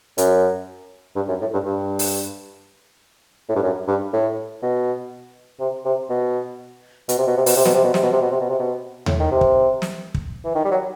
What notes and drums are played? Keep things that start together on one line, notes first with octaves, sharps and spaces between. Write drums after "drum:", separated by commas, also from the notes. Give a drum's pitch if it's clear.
F#2, drum: hi-hat
G2
F#2
A2
G2
G2
drum: open hi-hat
A2
G2
F#2
G2
A2
B2
C3
C3
B2
B2, drum: hi-hat
C3
B2
C3
B2, drum: open hi-hat
C3
B2, drum: snare
C3
B2
C3, drum: snare
B2
C3
B2
C3
B2
C3
B2
A2, drum: tom D#2
D#3
C3
drum: kick
drum: snare
drum: kick
E3
D#3
G3
F#3